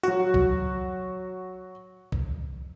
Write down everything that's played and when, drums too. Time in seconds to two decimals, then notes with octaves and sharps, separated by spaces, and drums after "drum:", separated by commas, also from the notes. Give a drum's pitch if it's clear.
0.03 F#3 F#4, drum: tambourine
0.34 drum: kick
2.12 drum: kick